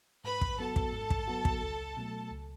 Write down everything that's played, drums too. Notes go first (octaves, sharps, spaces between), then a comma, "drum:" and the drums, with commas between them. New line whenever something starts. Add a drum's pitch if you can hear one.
G#2 B4 B5
drum: kick
F#3 B3 F#4 A4 A5
drum: kick
G#2
drum: kick
F#3 B3 F#4
drum: kick
C#2
B2 F#3 A3
C#2